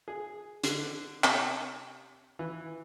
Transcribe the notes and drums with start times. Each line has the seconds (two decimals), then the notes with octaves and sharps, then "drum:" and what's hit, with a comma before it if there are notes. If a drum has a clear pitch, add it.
0.08 G#4
0.63 D3, drum: hi-hat
1.24 C3, drum: clap
2.39 E3